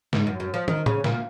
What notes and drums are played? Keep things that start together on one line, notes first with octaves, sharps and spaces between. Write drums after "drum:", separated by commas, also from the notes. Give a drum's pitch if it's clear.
G#2, drum: snare
F#2
F#2
F3
D#3, drum: tom
C#3, drum: tom A2
A#2, drum: snare